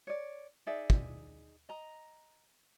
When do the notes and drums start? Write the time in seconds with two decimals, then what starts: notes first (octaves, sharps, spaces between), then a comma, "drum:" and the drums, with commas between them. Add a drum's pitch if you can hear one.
0.07 C#5 D5
0.66 D#4 G#4 D5 E5
0.90 drum: kick
1.69 D#5 A#5